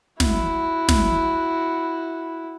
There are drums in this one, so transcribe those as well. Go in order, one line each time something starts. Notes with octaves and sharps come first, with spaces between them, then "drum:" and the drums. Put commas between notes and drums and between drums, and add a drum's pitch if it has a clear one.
E4 F#4, drum: snare
drum: snare